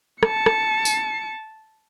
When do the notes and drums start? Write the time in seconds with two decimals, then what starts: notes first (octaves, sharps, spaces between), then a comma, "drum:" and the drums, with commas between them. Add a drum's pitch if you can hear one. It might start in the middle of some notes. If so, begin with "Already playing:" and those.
0.23 A5 C#7, drum: rim click
0.46 drum: rim click
0.85 drum: tambourine